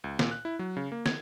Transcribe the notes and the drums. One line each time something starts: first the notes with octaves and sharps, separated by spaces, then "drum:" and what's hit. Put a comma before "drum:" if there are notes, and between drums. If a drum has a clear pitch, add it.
C#2
A#2, drum: snare
F#6
E4
F#3
C#3
A#3
G#6, drum: snare